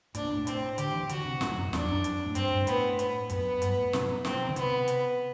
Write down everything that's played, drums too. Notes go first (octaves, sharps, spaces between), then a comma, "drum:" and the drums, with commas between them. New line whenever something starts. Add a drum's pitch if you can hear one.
A2 D4, drum: hi-hat
B2
A2
C4, drum: hi-hat
D3 G4, drum: hi-hat
E3
D3 F#4, drum: hi-hat
C3
A2, drum: snare
F#2
E2 D4, drum: snare
F#2
drum: hi-hat
A2
G2 C4, drum: hi-hat
G2
B2
A2 B3, drum: hi-hat
B3, drum: hi-hat
F#2 B3, drum: hi-hat
G2, drum: hi-hat
A2
C3, drum: snare
B2
C4, drum: snare
D3
C3 B3, drum: hi-hat
drum: hi-hat